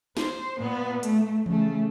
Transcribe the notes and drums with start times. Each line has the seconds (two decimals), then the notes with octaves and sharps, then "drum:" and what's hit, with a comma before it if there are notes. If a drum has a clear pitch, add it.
0.17 C5, drum: snare
0.58 A#2 B3
1.03 A3, drum: hi-hat
1.46 C#3 A3, drum: tom E3